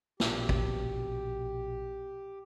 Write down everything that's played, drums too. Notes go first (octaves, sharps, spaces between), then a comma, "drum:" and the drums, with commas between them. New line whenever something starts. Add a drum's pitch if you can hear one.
A#1 B2 G4, drum: snare
drum: kick